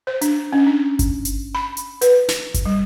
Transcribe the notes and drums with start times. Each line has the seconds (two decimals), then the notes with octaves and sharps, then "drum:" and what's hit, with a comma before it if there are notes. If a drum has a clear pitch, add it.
0.07 C5
0.21 D4, drum: hi-hat
0.53 C#4
0.67 D4
0.99 drum: kick G1, hi-hat
1.25 drum: hi-hat
1.55 B5
1.77 drum: hi-hat
2.01 B4, drum: hi-hat
2.28 drum: snare
2.54 drum: kick G1, hi-hat
2.66 G3